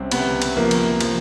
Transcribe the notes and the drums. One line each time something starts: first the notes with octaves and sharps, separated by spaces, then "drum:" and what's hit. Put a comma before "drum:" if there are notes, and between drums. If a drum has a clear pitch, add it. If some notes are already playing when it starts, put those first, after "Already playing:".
Already playing: C2 C3 C4 C#4
C3 B3, drum: cymbal
drum: cymbal
F3 A#3
drum: cymbal
F3, drum: cymbal